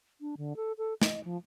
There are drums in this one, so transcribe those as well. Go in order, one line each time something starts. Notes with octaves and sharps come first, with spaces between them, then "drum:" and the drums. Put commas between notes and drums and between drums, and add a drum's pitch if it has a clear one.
D4
D3
A4
A4
D#5, drum: snare
F3